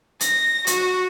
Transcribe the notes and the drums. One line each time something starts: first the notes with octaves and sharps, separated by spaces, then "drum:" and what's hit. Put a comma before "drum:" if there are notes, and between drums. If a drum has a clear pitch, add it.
A#6, drum: hi-hat
F#4, drum: hi-hat